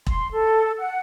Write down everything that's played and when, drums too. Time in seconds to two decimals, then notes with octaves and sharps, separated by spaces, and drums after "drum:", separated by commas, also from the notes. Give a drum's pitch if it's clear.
0.07 C6, drum: kick E1
0.31 A4
0.79 F#5